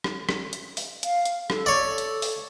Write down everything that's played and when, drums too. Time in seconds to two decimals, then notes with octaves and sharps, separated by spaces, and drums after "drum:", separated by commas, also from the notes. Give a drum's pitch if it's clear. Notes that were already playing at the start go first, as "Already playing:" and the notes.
0.04 drum: rim click
0.29 drum: rim click
0.53 drum: hi-hat
0.77 drum: open hi-hat
1.03 F5, drum: hi-hat
1.25 drum: hi-hat
1.50 A4, drum: rim click
1.66 C#5 D5
1.98 drum: hi-hat
2.22 drum: open hi-hat